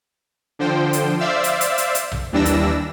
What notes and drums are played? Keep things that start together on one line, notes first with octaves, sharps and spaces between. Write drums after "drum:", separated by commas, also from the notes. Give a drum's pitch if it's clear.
D3 F3 C5 G5
drum: hi-hat
C5 D5 E5 F5 E6
drum: hi-hat
drum: hi-hat
drum: hi-hat
drum: hi-hat
drum: tom A#1
D#2 E3 G3 D4 E6 A#6
drum: hi-hat